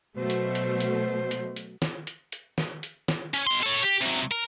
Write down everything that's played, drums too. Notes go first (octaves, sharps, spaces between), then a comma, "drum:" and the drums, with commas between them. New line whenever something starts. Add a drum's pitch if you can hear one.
B2 F#3 A3 C5
drum: hi-hat
drum: hi-hat
drum: hi-hat
drum: hi-hat
drum: hi-hat
drum: snare
drum: hi-hat
drum: hi-hat
drum: snare
drum: hi-hat
drum: snare
C#4, drum: hi-hat
B2 C6
A4 C#5
G4, drum: hi-hat
C3 F#3
A#4